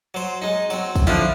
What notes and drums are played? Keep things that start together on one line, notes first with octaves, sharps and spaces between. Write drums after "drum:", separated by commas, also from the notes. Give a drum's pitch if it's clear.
F#3 C5
G#3 D#4
F#3 C4, drum: tambourine
drum: kick, tambourine
D3 F3 D4 E4 C5